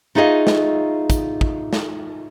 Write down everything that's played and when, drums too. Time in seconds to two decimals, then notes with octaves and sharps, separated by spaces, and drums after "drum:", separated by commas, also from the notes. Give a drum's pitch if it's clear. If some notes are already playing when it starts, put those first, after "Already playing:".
0.15 A3 D#4 F4 G#4 D#5 F5
0.47 drum: snare
1.10 drum: kick, hi-hat
1.41 drum: kick
1.73 drum: snare